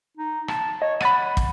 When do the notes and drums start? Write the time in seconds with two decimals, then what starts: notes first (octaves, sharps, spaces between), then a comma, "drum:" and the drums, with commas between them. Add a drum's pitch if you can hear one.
0.17 D#4
0.48 A5, drum: rim click
0.82 C#5 D#5
1.01 F#5 B5 A6 D#7, drum: rim click
1.37 drum: kick